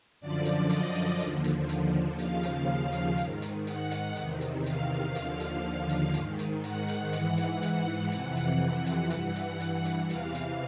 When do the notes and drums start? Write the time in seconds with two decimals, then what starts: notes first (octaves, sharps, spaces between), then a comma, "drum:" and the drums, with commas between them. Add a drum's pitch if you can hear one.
0.21 F#2 D3 F3 D5
0.45 drum: hi-hat
0.70 D#5, drum: hi-hat
0.95 drum: hi-hat
1.20 D#2 D3 F3, drum: hi-hat
1.44 drum: hi-hat
1.69 drum: hi-hat
2.19 D#2 C#3 F3 F5, drum: hi-hat
2.43 drum: hi-hat
2.93 drum: hi-hat
3.18 G#2 D#3, drum: hi-hat
3.42 drum: hi-hat
3.67 F#5, drum: hi-hat
3.92 drum: hi-hat
4.16 E2 C3 D#3, drum: hi-hat
4.41 drum: hi-hat
4.66 F5, drum: hi-hat
5.16 D#2 D3 F3, drum: hi-hat
5.40 drum: hi-hat
5.90 drum: hi-hat
6.14 G#2 D#3, drum: hi-hat
6.39 drum: hi-hat
6.64 F#5, drum: hi-hat
6.89 drum: hi-hat
7.13 G#2 E3 F#5, drum: hi-hat
7.38 drum: hi-hat
7.63 drum: hi-hat
8.12 F2 C3 E3 F#5, drum: hi-hat
8.37 drum: hi-hat
8.86 drum: hi-hat
9.11 G2 E3 F#5, drum: hi-hat
9.36 drum: hi-hat
9.61 drum: hi-hat
9.85 drum: hi-hat
10.10 E2 C3 E3 F5, drum: hi-hat
10.35 drum: hi-hat